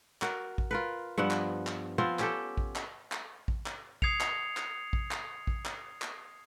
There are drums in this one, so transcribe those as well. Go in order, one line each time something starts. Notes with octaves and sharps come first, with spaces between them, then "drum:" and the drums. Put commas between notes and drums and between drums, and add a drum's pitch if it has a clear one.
F#4 A#4, drum: clap
drum: kick A1
F4 A#4 B4
G2 F3 B3 F#5
drum: clap
drum: clap
F3 B3 C4 F4
C#4 G4 A4, drum: clap
drum: kick A1
drum: clap
drum: clap
drum: kick A1
drum: clap
D#6 G#6 C7 C#7 F7, drum: kick A1
drum: clap
drum: clap
drum: kick A1
drum: clap
drum: kick A1
drum: clap
drum: clap